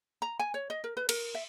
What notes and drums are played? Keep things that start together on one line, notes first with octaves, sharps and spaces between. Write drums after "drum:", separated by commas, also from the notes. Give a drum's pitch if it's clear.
A#5
G#5
C#5
D#5
A#4
B4
A#4, drum: cymbal
E5